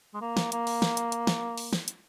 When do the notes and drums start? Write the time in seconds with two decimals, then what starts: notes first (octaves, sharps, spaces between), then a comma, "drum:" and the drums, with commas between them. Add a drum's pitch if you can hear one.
0.14 G#3
0.21 A#3
0.37 drum: snare
0.52 A#3, drum: hi-hat
0.67 drum: open hi-hat
0.82 drum: snare
0.97 drum: hi-hat
1.12 drum: hi-hat
1.27 drum: snare
1.58 drum: open hi-hat
1.73 drum: snare
1.88 drum: hi-hat